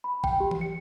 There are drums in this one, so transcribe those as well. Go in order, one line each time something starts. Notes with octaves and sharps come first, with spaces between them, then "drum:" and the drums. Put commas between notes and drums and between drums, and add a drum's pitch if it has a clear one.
B5
G5, drum: kick
G4
drum: tom E3
C#7